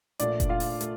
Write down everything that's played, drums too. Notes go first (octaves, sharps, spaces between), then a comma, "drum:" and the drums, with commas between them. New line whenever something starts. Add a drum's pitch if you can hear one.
A#1 A#2 A3 D4 D5, drum: hi-hat
drum: kick F1, hi-hat
F4 F5
drum: open hi-hat
A3, drum: hi-hat